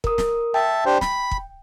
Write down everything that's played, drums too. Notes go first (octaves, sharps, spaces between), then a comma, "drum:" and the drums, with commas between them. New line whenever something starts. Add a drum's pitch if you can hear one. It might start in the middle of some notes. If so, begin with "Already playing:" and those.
A#4 D#6, drum: kick
drum: snare
E5 G5 A5
D4 G4 C5
B5, drum: snare
drum: kick